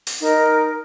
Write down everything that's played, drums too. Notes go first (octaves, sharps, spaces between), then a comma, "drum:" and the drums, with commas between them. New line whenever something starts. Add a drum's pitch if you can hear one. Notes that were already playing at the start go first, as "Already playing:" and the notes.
drum: open hi-hat
D#4 A#4 D#5